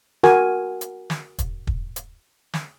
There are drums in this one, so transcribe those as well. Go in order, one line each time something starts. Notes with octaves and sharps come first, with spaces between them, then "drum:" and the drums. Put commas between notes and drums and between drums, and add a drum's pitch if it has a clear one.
F#4 A#4 G#5, drum: snare
drum: hi-hat
drum: snare
drum: kick, hi-hat
drum: kick
drum: hi-hat
drum: snare